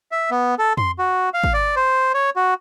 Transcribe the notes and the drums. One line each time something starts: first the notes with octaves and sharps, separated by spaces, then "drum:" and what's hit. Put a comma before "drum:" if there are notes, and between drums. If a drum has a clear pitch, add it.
E5
B3
A4
C6, drum: tom F2
F#4
F5
drum: kick
D5
C5
C#5
F#4